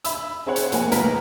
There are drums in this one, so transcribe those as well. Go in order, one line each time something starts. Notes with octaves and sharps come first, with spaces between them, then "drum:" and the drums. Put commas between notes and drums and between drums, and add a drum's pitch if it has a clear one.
E5 B5 E6, drum: hi-hat
C4 G#4 C5 C#5 F#5
drum: hi-hat
F3 A#3 F#5 G#5, drum: hi-hat
C#2 A#3 A#4 B4 B6, drum: hi-hat